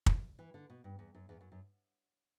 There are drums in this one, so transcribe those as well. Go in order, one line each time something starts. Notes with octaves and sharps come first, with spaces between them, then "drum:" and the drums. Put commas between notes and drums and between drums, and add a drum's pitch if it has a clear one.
drum: kick
E3
D3
B2
G2
E2
F#2
E2
F#2
F#2